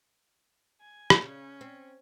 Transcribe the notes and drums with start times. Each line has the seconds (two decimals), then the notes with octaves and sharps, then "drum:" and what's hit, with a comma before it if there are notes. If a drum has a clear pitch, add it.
0.81 G#5
1.10 drum: rim click
1.22 C#3 C#4
1.61 C4